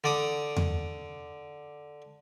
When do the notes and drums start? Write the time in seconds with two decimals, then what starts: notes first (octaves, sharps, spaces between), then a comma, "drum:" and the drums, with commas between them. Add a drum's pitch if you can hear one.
0.04 D3 D5 D#6
0.57 drum: tom E2